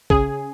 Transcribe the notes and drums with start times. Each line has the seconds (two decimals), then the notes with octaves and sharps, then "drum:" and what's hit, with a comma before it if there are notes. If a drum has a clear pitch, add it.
0.10 C#3 G#4, drum: kick